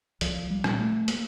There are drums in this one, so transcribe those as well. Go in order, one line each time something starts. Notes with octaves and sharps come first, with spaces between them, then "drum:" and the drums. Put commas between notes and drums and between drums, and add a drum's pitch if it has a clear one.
C2 F3, drum: hi-hat
G3
A#2, drum: rim click
A3
A#3, drum: hi-hat